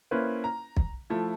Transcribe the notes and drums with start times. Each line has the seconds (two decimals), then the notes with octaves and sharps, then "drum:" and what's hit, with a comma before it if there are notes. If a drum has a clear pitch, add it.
0.11 A#3 C#4 E4 B4 C5
0.44 A#5
0.77 drum: kick
1.10 F3 A3 E4